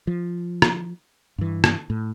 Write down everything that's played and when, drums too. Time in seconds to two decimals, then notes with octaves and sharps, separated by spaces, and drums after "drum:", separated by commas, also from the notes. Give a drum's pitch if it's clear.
0.07 F3
0.62 drum: rim click
1.38 G2 E3
1.64 drum: rim click
1.90 A2